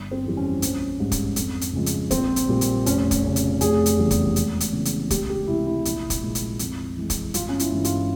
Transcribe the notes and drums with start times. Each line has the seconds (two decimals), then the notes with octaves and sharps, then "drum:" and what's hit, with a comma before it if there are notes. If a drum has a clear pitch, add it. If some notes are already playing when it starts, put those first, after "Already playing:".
Already playing: G1
0.11 C4
0.24 F2 E3 G3
0.37 C#4
0.62 A#1, drum: hi-hat
0.99 G#2 G3
1.12 drum: kick, hi-hat
1.36 F2, drum: hi-hat
1.61 drum: hi-hat
1.73 C#3 F3 G#3
1.86 drum: hi-hat
2.11 A#1 C4, drum: kick, hi-hat
2.36 drum: hi-hat
2.48 A#2 G3
2.61 drum: hi-hat
2.86 F1 C#4, drum: hi-hat
3.11 drum: kick, hi-hat
3.23 F2 C#3
3.36 drum: hi-hat
3.61 F1 G#4, drum: hi-hat
3.86 drum: hi-hat
3.98 E2 C#3 G3
4.11 drum: kick, hi-hat
4.36 E1, drum: hi-hat
4.60 drum: hi-hat
4.73 E2 C#3
4.85 drum: hi-hat
5.10 C#2 G4, drum: kick, hi-hat
5.30 G4
5.48 C3 E3 E4
5.67 E4
5.85 A#1, drum: hi-hat
6.10 drum: kick, hi-hat
6.22 A#2 G#3
6.35 drum: hi-hat
6.59 F2, drum: hi-hat
6.97 E3 G#3
7.10 drum: kick, hi-hat
7.34 G1 F4, drum: hi-hat
7.49 C#4
7.59 E4, drum: hi-hat
7.72 G2 E3 G#3
7.84 F4, drum: hi-hat